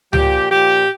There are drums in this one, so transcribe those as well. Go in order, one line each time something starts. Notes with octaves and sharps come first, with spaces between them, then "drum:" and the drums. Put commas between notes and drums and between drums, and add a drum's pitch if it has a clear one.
A#2 F3 G4, drum: tom C#2
A#2 F3 G4